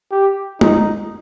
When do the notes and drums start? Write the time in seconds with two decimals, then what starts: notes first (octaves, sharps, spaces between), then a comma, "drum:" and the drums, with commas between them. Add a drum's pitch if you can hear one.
0.11 G4
0.61 D#4, drum: tom G#3